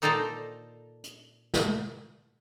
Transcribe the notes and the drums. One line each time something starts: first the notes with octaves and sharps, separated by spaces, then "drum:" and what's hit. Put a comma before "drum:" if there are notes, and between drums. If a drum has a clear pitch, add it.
A#2 D#4 A4 C5 D5 A#5
drum: hi-hat
drum: snare